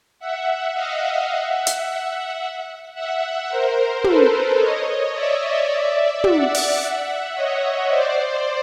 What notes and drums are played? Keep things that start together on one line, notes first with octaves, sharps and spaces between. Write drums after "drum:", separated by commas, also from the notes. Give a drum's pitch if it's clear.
E5 F#5
D#5 F5
E5 F#5
drum: hi-hat
E5 F#5
A#4 C5
A4 B4, drum: tom
C#5 D#5
D5 E5
E5 F#5, drum: tom
drum: open hi-hat
C#5 D#5
C5 D5